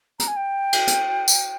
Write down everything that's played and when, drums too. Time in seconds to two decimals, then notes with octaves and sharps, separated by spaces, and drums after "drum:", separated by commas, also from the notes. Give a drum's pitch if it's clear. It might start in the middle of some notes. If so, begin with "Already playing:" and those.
0.19 A#5, drum: hi-hat
0.28 G#5
0.36 G5
0.73 drum: cymbal
0.87 drum: hi-hat
1.28 drum: tambourine